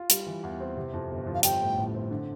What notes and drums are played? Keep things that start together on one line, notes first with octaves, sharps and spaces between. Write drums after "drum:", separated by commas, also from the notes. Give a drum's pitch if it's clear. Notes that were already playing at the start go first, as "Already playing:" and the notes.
Already playing: F4
G3, drum: hi-hat
E3
E2
C4
C3
F2
G1
F3
F5
G3 G5, drum: hi-hat
A2
A1
C4
D3